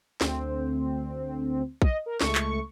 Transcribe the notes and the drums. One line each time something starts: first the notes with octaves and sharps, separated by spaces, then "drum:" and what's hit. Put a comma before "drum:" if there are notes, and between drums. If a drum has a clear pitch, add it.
D2 C4, drum: snare
D#5, drum: kick
A#4
C#2 A3 C#6, drum: snare
drum: clap